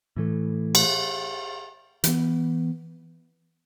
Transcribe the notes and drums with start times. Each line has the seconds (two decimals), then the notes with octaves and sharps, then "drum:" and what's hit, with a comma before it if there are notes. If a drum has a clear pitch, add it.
0.16 A2 E3 A3
0.75 drum: cymbal
2.04 E3 B3, drum: hi-hat